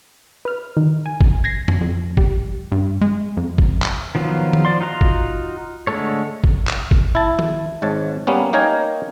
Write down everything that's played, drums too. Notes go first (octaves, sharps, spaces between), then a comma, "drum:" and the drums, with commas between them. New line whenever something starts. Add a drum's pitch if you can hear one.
B4 F6
D#3
G#5
drum: kick
G#6 A#6 C7
drum: tom F2
F2
G3, drum: kick
G2
G#3
F2
drum: kick
drum: clap
D#3 F3 F#3 B3 F4
drum: tom D#3
F3 D5 C6
D#4 F4 F#4 A#5 C6
drum: kick
D3 G#3 A3 A4 C#5
drum: kick
drum: clap
drum: kick
E4 A5
drum: tom D#3
G#1 G#2 C#5 A5
G3 A#3 B3 C#4
A#3 D#4 A#4 C#5 G5 G#5